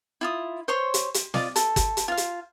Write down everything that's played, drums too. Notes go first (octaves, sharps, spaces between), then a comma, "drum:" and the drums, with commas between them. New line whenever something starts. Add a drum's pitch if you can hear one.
E4 F4 D#6
C5 C#5 C6
drum: hi-hat
drum: hi-hat
F4 D5 D#5 D6, drum: snare
A4, drum: hi-hat
drum: kick, hi-hat
drum: hi-hat
F4 F5
drum: hi-hat